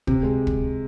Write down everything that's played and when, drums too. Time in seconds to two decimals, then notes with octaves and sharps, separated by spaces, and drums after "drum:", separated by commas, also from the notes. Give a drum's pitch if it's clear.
0.07 C3, drum: kick
0.23 G#3
0.47 drum: kick